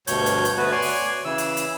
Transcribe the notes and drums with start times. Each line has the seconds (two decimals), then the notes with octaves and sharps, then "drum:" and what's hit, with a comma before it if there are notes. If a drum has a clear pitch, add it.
0.07 D2 G2 B2 C#5 G6, drum: hi-hat
0.26 drum: hi-hat
0.45 drum: hi-hat
0.57 D2 A3 B3 F#4 B4
0.72 C#5 D5 G#5 C6
0.82 drum: open hi-hat
1.25 C#3 E3 E6
1.38 drum: hi-hat
1.57 drum: hi-hat